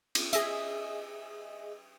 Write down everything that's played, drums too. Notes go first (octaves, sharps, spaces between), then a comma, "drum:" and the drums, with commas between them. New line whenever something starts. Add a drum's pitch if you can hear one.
drum: cymbal
G#4 D#5 E5, drum: hi-hat